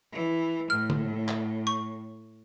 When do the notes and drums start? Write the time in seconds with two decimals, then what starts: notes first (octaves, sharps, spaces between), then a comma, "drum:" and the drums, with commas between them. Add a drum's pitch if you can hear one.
0.12 E3
0.70 A2 F6
0.90 drum: tom D3
1.28 drum: clap
1.67 C#6